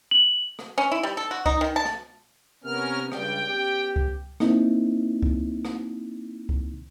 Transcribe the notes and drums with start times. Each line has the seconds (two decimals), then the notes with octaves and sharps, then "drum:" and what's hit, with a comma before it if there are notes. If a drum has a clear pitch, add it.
0.11 F#7
0.59 drum: rim click
0.78 C#4
0.92 E4
1.03 G3
1.17 A4
1.31 F#4
1.46 D#4, drum: kick C#2
1.61 D#3
1.76 A5
1.85 drum: rim click
2.64 C3 B3 C#4 A#4 F6
3.12 C#2 G2 G3 G5, drum: rim click
3.48 B3 C#4 G4
3.96 drum: kick C#2
4.40 A#3 C4 D#4 E4, drum: rim click
5.22 drum: kick C#2
5.65 drum: rim click
6.49 drum: kick C#2